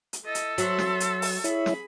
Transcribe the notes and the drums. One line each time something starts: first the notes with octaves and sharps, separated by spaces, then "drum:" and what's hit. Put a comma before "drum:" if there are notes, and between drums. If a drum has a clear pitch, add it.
drum: hi-hat
E4 A4 D#5
drum: hi-hat
F#3 E5 C6, drum: hi-hat
drum: snare
drum: hi-hat
drum: open hi-hat
E4 G#4 C#5 E5 B5, drum: hi-hat
drum: snare